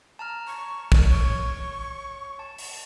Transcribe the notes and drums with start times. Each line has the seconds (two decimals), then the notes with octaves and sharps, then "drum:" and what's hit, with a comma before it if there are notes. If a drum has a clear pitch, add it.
0.19 A5 A#5 F6
0.47 C#6
0.92 drum: kick
1.10 C#5 C#6 G#6
2.39 A5
2.59 drum: open hi-hat